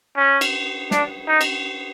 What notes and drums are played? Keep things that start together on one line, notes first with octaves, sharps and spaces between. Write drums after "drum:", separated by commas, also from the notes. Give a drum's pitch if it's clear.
C#4
drum: cymbal
D4, drum: snare
D#4
drum: cymbal